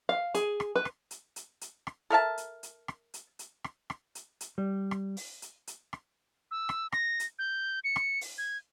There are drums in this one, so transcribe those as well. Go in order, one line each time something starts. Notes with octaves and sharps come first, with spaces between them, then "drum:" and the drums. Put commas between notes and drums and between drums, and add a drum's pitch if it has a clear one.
F5
G#4, drum: hi-hat
drum: rim click
B4
drum: rim click
drum: hi-hat
drum: hi-hat
drum: hi-hat
drum: rim click
A4 A#4 E5 A5
drum: hi-hat
drum: hi-hat
drum: rim click
drum: hi-hat
drum: hi-hat
drum: rim click
drum: rim click
drum: hi-hat
drum: hi-hat
G3
drum: rim click
drum: open hi-hat
drum: hi-hat
drum: hi-hat
drum: rim click
E6
drum: rim click
A#6, drum: rim click
drum: hi-hat
G6
C#7
drum: rim click
drum: open hi-hat
G#6